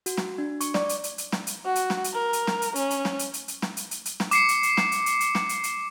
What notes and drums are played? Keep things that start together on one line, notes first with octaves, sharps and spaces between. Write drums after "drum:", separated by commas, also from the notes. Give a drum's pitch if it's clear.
F#4, drum: hi-hat
drum: snare
D4
C#6, drum: hi-hat
D5, drum: snare
drum: hi-hat
drum: hi-hat
drum: hi-hat
drum: snare
drum: hi-hat
F#4
drum: hi-hat
drum: snare
drum: hi-hat
A#4
drum: hi-hat
drum: snare
drum: hi-hat
C#4, drum: hi-hat
drum: hi-hat
drum: snare
drum: hi-hat
drum: hi-hat
drum: hi-hat
drum: snare
drum: hi-hat
drum: hi-hat
drum: hi-hat
drum: snare
D6 C7 C#7, drum: hi-hat
drum: hi-hat
drum: hi-hat
drum: snare
drum: hi-hat
drum: hi-hat
drum: hi-hat
drum: snare
drum: hi-hat
drum: hi-hat